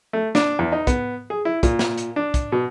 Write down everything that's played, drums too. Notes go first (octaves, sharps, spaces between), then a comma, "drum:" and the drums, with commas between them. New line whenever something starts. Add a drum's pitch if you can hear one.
A3
D4, drum: snare
E2
D#4
B3, drum: kick, hi-hat
G#4
E4
A#2, drum: kick, hi-hat
drum: snare
drum: hi-hat
D4
drum: kick, hi-hat
B2